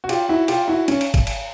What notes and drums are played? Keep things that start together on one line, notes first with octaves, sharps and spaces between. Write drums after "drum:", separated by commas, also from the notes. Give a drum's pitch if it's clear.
F#4
F4 G4, drum: cymbal
E4 F#4
F4 G4, drum: cymbal
E4 F#4
C#4, drum: cymbal
drum: cymbal
drum: kick G#1, cymbal
drum: cymbal